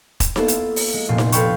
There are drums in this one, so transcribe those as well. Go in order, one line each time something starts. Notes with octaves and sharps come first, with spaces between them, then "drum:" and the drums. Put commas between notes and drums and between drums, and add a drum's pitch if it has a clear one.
drum: kick E1, hi-hat
A#3 B3 E4 F4 A4, drum: snare D#4
drum: hi-hat
drum: open hi-hat
G#3
F1 A#2 F4 C6
drum: snare D#4
A4 B4 F5 G5 B5 C#6, drum: hi-hat